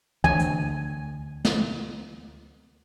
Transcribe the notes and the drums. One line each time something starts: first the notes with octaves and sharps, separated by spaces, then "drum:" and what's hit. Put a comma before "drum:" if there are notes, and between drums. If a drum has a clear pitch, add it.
D2 G#5, drum: tom
drum: hi-hat
drum: snare